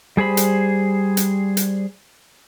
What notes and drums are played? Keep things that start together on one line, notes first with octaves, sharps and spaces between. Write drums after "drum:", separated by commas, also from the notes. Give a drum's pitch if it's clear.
G3 G#4 C5 B5
drum: hi-hat
drum: hi-hat
drum: hi-hat